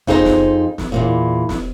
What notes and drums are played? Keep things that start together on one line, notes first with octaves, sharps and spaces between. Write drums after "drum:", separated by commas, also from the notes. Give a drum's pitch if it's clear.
F2 D#4 G#4 C5 D#5, drum: snare
drum: snare
drum: snare
E2 G2 A#2
drum: snare